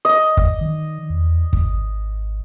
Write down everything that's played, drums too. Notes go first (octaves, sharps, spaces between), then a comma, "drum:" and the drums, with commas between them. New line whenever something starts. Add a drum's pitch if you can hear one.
D#5
drum: kick
D#3
E2
G#1, drum: kick